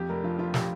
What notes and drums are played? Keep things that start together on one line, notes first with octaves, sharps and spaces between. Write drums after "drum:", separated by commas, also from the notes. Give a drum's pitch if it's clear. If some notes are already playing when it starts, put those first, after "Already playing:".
Already playing: F2 G4
F1 A#4
F3 F4
F3 F4
G4, drum: snare